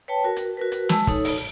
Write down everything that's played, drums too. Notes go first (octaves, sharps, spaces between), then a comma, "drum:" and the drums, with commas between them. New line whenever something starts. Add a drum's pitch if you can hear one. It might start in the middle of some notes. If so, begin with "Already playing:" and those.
B4 C#5 G5 A5
F#4 A#4
drum: hi-hat
F#4 A#4 B4
drum: hi-hat
G#3 A5 E6, drum: snare
D#4 A4 C#5, drum: kick, hi-hat
drum: open hi-hat